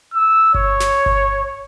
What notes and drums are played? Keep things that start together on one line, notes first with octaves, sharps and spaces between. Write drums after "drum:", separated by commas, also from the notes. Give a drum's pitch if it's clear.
E6
C#5, drum: kick G1
drum: snare
drum: kick G1